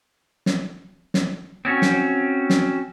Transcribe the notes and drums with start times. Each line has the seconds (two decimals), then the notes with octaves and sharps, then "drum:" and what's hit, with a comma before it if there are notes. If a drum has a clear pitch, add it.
0.46 drum: snare
1.14 drum: snare
1.65 C4 C#4 F#4
1.82 drum: snare
2.50 drum: snare